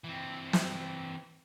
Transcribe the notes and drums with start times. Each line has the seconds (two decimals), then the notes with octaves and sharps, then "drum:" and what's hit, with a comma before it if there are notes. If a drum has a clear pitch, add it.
0.04 E3 C4
0.53 drum: snare